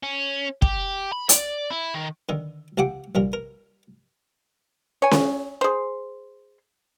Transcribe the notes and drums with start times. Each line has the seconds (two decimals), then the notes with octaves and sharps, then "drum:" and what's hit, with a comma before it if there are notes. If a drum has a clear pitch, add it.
0.03 C#4
0.62 G4, drum: kick
1.12 B5
1.29 D5, drum: hi-hat
1.70 E4
1.94 D#3
2.29 D3 D#3
2.78 C#2 G4 F#5 G5 D6
3.15 A#1 G3 A#4
3.33 A#4
5.02 C#5 G#5
5.11 drum: snare C#4
5.61 G#4 C5